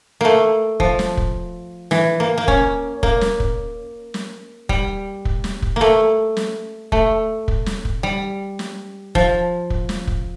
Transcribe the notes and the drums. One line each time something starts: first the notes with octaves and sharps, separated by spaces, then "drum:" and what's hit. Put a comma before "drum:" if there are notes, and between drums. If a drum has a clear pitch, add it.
A3 A#3
F3, drum: kick
drum: snare
drum: kick
E3, drum: snare
A#3
A#3
C#4, drum: kick
A#3, drum: kick
drum: snare
drum: kick
drum: snare
G3, drum: kick
drum: kick
drum: snare
drum: kick
A3 A#3
drum: snare
A3, drum: kick
drum: kick
drum: snare
drum: kick
G3
drum: snare
F3, drum: kick
drum: kick
drum: snare
drum: kick